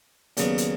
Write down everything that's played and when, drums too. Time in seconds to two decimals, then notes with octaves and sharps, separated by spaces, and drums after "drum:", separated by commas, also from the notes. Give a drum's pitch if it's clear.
0.37 D#2 C#3 F#3 B3 D4, drum: hi-hat
0.58 drum: hi-hat